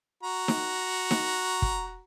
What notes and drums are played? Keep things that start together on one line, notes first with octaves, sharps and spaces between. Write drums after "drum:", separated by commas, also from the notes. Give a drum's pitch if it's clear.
F#4 A#5
drum: snare D#4
drum: snare D#4
drum: kick